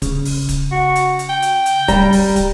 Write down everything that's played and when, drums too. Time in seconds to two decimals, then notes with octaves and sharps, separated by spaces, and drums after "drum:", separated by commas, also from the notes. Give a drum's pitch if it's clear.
0.02 C#3, drum: kick, hi-hat
0.25 drum: open hi-hat
0.49 drum: kick, hi-hat
0.72 F#4
0.95 drum: hi-hat
1.19 drum: hi-hat
1.29 G5
1.42 drum: hi-hat
1.66 drum: hi-hat
1.88 G3 A#5, drum: kick, hi-hat
2.13 drum: open hi-hat
2.36 drum: kick, hi-hat